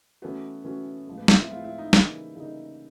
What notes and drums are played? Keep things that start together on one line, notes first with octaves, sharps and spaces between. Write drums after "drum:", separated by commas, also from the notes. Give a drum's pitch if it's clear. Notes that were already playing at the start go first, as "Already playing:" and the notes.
E3 A3 B3 C#4 F#4
E3 A3 C#4 F#4
A2 F3 G#3
B3
C4, drum: snare
E4
A2 F3 G#3 F4
E4
D#4
C#3 E3 G3 A#3 D#4 E4, drum: snare
C#3 E3 G3 A#3 D#4